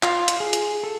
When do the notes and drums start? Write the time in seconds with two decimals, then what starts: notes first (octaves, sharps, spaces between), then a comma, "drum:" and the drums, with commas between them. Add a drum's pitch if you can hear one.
0.03 F4, drum: clap
0.28 drum: hi-hat
0.40 G#4
0.53 drum: hi-hat
0.84 A4